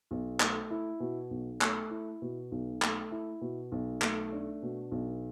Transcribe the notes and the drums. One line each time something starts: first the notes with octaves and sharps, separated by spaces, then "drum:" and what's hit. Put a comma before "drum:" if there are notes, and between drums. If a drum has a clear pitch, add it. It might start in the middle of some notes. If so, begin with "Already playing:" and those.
B1
A3, drum: clap
E4
B2
B1
A3, drum: clap
E4
B2
B1
A3, drum: clap
E4
B2
B1
A3, drum: clap
D4
B2
B1